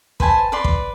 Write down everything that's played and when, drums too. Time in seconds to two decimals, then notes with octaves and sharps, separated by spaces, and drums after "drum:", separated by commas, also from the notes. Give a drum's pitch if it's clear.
0.20 B4 C5 G#5 A5, drum: kick
0.52 B4 D5 C6
0.64 drum: kick